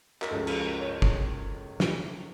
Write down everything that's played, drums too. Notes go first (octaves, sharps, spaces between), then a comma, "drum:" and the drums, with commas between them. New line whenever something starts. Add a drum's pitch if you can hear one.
A#4, drum: clap
C#2 C#3 F3 A4
A#4, drum: cymbal
C#5
drum: kick G1
drum: snare